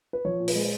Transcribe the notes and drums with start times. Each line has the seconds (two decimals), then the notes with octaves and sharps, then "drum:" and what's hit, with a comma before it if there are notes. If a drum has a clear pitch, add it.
0.13 B4
0.25 F3 C#5
0.40 A#2
0.48 B4, drum: open hi-hat
0.55 G#3